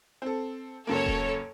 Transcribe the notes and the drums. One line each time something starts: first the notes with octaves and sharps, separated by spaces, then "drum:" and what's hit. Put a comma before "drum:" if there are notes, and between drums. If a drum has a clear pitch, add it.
C4 A4
C#2 F#2 A#3 A4 C#5
drum: kick D#1